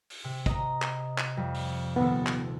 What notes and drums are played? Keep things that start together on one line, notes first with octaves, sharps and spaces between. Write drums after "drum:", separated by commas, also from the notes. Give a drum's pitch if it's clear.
drum: open hi-hat
C3
D#5 A#5, drum: kick, hi-hat
drum: clap
drum: clap
F2 G3
drum: open hi-hat
D#1 B3 A4
drum: clap